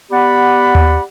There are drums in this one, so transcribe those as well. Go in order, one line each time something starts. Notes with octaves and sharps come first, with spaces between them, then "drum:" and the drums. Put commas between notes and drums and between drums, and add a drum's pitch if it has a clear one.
B3 G4 D5 F#5 B5
drum: tom D#2